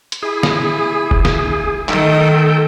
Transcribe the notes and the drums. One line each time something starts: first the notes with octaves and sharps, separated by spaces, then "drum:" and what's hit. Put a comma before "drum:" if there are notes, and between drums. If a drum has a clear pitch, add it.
drum: hi-hat
E4 G#4
drum: snare
drum: kick E1
drum: snare
D#3 A3 A4 D#5 G5, drum: clap